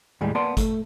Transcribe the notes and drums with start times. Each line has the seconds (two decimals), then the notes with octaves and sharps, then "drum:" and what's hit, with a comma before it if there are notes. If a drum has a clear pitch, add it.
0.21 D#2 A2 G3 G#3
0.35 A#3 B3 D5 A5 C6
0.57 A3, drum: kick, hi-hat